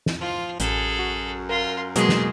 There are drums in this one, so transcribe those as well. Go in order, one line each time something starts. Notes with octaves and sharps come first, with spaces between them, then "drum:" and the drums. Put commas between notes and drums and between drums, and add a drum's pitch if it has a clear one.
drum: snare
F3 F4
A1 F#2 G#4 A4, drum: hi-hat
F#4
F4 A#4 C6
B2 F#3 G#3 A#3 G#4 C6, drum: hi-hat
drum: snare